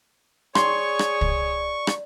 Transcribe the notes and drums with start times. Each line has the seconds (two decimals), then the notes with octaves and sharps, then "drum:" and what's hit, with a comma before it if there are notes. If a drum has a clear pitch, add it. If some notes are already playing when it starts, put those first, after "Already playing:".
0.55 G#4 C#5 D5 C6 C#6, drum: rim click
0.99 drum: rim click
1.21 drum: kick
1.87 drum: rim click